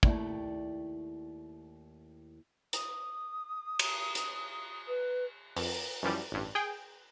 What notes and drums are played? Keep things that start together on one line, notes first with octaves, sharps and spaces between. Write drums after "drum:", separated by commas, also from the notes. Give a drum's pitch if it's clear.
D#2 A3 E4 D5 G5, drum: kick
D#6, drum: hi-hat
drum: cymbal
drum: hi-hat
B4
F2, drum: open hi-hat
F#2 E3 F3 G3
A1 G2
G#4 G5